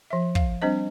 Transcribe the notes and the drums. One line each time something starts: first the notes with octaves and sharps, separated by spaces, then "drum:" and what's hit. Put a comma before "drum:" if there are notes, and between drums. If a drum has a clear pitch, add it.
F3 E5
F5, drum: kick
G3 C4 D4 C5 D#5